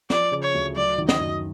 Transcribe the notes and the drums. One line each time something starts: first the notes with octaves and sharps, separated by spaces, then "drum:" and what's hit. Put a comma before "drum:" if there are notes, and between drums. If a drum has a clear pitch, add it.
F3 D5, drum: snare
C#3
C#5
D2
F#3 D5
D#3
D#5, drum: snare
F#2